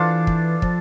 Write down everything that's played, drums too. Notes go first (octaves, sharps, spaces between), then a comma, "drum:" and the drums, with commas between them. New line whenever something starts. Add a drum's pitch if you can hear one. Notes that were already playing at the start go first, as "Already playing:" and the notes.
Already playing: E3 D4 F4 A4 C5
drum: kick
F3, drum: kick